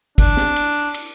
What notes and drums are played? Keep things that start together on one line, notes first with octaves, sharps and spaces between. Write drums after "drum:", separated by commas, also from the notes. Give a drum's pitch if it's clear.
D4, drum: kick, cymbal
drum: snare
drum: cymbal
drum: cymbal